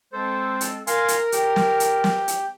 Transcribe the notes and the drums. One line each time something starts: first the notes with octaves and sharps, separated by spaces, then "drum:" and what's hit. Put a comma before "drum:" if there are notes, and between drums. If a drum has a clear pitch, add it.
G#3 C4 A4 C5
drum: hi-hat
A#4 F5 G#5 C6, drum: hi-hat
drum: hi-hat
G4, drum: hi-hat
drum: snare
drum: hi-hat
drum: snare
drum: hi-hat